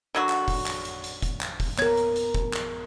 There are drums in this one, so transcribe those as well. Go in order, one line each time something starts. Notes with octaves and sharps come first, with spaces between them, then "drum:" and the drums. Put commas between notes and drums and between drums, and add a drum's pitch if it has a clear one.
D3 F#3 F#4
drum: clap
drum: kick, open hi-hat
drum: clap
drum: hi-hat
drum: hi-hat
drum: kick, hi-hat
drum: clap
drum: kick, open hi-hat
B3 A#4 C#5 G#6, drum: clap
drum: hi-hat
drum: hi-hat
drum: kick, hi-hat
drum: clap